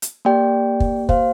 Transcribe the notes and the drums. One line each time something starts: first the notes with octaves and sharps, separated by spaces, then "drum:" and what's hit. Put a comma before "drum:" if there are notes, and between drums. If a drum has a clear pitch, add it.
drum: hi-hat
A#3 G4 D5 G5
drum: kick
C5 F5, drum: kick